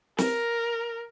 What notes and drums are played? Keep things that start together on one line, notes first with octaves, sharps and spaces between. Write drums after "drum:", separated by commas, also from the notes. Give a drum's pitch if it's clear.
A#4, drum: snare